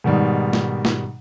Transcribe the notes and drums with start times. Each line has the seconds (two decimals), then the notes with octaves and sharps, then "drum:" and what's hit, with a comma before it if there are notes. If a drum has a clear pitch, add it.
0.04 G#2 B2 D#3 G3
0.53 drum: snare
0.85 drum: snare